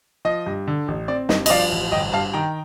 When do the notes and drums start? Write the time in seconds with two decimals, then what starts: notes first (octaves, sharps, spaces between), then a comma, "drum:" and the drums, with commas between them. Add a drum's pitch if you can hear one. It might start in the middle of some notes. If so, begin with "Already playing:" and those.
0.25 F3 D#5
0.46 G2
0.67 D3
0.88 A1
1.08 C4 D5
1.29 G2 D#5, drum: snare
1.46 D#5, drum: cymbal
1.50 F3 D5 F5
1.72 A1
1.92 G1 D#5 G5
2.13 G2 F5 A5
2.33 D#3 G5 A#5